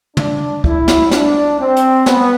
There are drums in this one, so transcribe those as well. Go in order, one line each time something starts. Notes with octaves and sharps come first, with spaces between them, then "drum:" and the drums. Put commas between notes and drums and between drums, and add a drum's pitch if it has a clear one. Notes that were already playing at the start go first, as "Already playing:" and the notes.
D4, drum: tom
E4, drum: kick
drum: snare
D4, drum: snare
C4
drum: hi-hat
B3, drum: snare